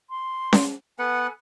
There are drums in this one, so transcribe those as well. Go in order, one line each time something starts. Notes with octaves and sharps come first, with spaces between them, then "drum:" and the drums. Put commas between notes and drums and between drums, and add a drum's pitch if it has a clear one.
C6
drum: snare C#4
B3 A4 B4 F#5 G#5